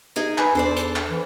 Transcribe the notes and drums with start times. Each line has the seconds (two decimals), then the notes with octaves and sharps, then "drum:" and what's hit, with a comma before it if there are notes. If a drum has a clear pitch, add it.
0.16 D#4 G#4 A#4
0.38 B4 G#5, drum: clap
0.55 E2 D4 A4 C5 D5
0.77 drum: hi-hat
0.96 drum: clap
1.10 E3